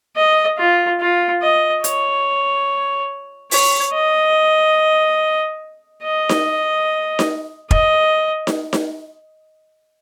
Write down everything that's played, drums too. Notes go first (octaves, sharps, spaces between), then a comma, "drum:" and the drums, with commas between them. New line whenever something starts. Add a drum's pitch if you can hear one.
D#5
F4
F4
D#5
C#5, drum: hi-hat
C#5, drum: open hi-hat
D#5
D#5
drum: snare D#4
drum: snare D#4
D#5, drum: kick
drum: snare D#4
drum: snare D#4